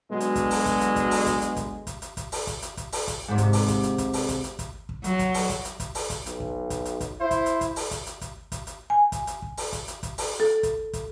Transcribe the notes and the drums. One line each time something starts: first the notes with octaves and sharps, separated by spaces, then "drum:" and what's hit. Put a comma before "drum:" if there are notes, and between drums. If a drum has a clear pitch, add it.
B2 D3 F#3 G#3
drum: hi-hat
drum: kick, hi-hat
drum: open hi-hat
drum: kick, hi-hat
drum: hi-hat
drum: kick, hi-hat
drum: open hi-hat
drum: kick, hi-hat
drum: hi-hat
drum: kick, hi-hat
drum: kick, hi-hat
drum: hi-hat
drum: kick, hi-hat
drum: open hi-hat
drum: kick, hi-hat
drum: hi-hat
drum: kick, hi-hat
drum: open hi-hat
drum: kick, hi-hat
G#2 C3
drum: kick, hi-hat
drum: open hi-hat
drum: kick, hi-hat
drum: hi-hat
drum: kick, hi-hat
drum: open hi-hat
drum: kick, hi-hat
drum: hi-hat
drum: kick, hi-hat
drum: kick
F#3, drum: hi-hat
drum: kick, hi-hat
drum: open hi-hat
drum: kick, hi-hat
drum: hi-hat
drum: kick, hi-hat
drum: open hi-hat
drum: kick, hi-hat
B1, drum: hi-hat
drum: kick
drum: kick, hi-hat
drum: hi-hat
drum: kick, hi-hat
E4 C5
drum: kick, hi-hat
drum: hi-hat
drum: kick, hi-hat
drum: open hi-hat
drum: kick, hi-hat
drum: hi-hat
drum: kick, hi-hat
drum: kick, hi-hat
drum: hi-hat
G#5
drum: kick, hi-hat
drum: hi-hat
drum: kick
drum: open hi-hat
drum: kick, hi-hat
drum: hi-hat
drum: kick, hi-hat
drum: open hi-hat
A4
drum: kick, hi-hat
drum: kick, hi-hat